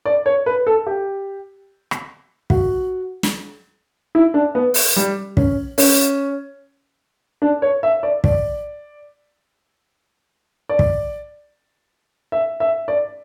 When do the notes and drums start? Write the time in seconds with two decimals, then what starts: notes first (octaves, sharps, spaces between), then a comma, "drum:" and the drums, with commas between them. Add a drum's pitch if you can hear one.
0.06 D5
0.26 C#5
0.46 B4
0.67 A4
0.87 G4
1.91 drum: rim click
2.50 F#4, drum: kick
3.23 drum: snare
4.15 E4
4.34 D4
4.55 B3
4.74 drum: open hi-hat
4.96 G3
5.37 C#4, drum: kick
5.78 C#4, drum: open hi-hat
7.42 D4
7.62 C#5
7.83 E5
8.03 D5
8.24 D5, drum: kick
10.69 D5
10.79 drum: kick
12.32 E5
12.60 E5
12.88 D5